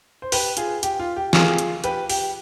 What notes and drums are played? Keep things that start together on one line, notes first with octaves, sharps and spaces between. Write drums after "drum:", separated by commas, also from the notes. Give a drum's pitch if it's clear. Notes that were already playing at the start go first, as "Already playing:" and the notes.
C5
G4 B4, drum: open hi-hat
F4 G#4, drum: hi-hat
G4, drum: hi-hat
F4
G4
F4 G#4, drum: snare
drum: hi-hat
G4 B4, drum: hi-hat
G4, drum: open hi-hat